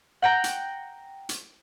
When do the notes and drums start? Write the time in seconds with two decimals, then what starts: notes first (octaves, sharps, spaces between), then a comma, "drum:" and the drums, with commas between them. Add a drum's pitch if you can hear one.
0.22 F#5 G5 A#5
0.44 drum: hi-hat
1.29 drum: hi-hat